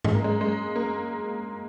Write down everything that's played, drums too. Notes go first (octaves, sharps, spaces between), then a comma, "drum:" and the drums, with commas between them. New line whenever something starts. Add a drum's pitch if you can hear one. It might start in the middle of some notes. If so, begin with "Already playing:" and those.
G#3, drum: tom G#2
A#3
G#3
G#3
A#3